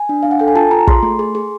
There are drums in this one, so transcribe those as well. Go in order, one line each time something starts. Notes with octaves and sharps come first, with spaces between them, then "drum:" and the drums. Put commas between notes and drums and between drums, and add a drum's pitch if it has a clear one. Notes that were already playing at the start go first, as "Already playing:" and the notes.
Already playing: G#5
D4
D4 F5
F#5
A4 G5
G#5
F4 A5
F4 A#5
G#4 C6, drum: kick
A3
G#4
G#4